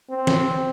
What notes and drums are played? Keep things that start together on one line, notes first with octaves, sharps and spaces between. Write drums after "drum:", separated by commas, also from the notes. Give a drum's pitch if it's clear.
C4
drum: snare